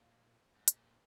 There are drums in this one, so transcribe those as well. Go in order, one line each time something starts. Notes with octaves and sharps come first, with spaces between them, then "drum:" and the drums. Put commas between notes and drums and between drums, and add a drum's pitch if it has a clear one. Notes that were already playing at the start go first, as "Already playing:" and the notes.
Already playing: A#2
G#2
A#2, drum: hi-hat